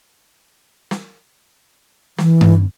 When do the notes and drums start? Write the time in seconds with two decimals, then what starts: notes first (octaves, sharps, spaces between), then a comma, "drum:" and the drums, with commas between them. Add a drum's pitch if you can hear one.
0.91 drum: snare
2.18 E3, drum: snare
2.41 drum: tom G2